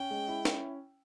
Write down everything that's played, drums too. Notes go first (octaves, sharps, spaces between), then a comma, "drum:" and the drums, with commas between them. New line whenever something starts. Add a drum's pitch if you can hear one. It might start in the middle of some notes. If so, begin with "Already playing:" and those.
Already playing: C#4 G5
G#3
E4
C#4, drum: snare